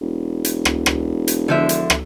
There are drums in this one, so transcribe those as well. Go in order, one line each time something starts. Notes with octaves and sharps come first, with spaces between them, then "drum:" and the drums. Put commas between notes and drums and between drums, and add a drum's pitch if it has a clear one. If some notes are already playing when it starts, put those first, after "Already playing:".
E1
drum: hi-hat
drum: rim click
drum: rim click
drum: hi-hat
D3 F3 E5
drum: hi-hat
drum: rim click